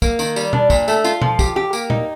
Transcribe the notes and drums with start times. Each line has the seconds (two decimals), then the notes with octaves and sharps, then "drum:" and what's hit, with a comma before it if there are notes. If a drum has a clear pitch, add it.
0.02 A#3, drum: kick, tambourine
0.19 D#3, drum: tambourine
0.36 G3, drum: tambourine
0.53 D4, drum: tom B2
0.70 A#2, drum: kick, tambourine
0.88 A3, drum: tambourine
1.04 F4, drum: tambourine
1.22 F3, drum: tom B2
1.39 G4, drum: kick, tambourine
1.56 G4
1.73 A#3, drum: tambourine
1.90 D#4, drum: tom A#2